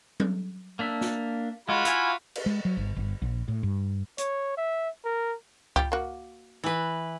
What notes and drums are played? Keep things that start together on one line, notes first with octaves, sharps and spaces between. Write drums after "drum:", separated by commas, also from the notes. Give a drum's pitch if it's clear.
drum: tom F#3
A#3 D4 E5
drum: snare
G#3 F4 F#4 B5
E4 F5 G#5, drum: hi-hat
drum: cymbal
G#3
F#3
G1
G1
A#1
A2
G2
C#5, drum: hi-hat
E5
A#4
G3 F4 G4, drum: kick C#2
A#3 F#4
E3 B4